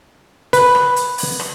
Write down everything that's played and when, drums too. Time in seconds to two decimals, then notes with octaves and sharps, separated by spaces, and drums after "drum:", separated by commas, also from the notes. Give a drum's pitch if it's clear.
0.53 B4, drum: hi-hat
0.75 drum: rim click
0.96 drum: hi-hat
1.18 drum: open hi-hat
1.40 drum: rim click